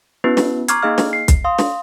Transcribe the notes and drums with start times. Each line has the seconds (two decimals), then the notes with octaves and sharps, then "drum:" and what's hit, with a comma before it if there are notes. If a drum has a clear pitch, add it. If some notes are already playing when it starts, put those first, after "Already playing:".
0.24 B3 C#4 E4 F#4 B4
0.37 drum: snare
0.68 A#5 C#6 D6 F6 G#6 C7, drum: hi-hat
0.83 A#3 D#4 G#4 D#5 F5 F6
0.98 drum: snare
1.13 C7
1.28 drum: kick, hi-hat
1.44 F5 C6 D#6
1.58 drum: snare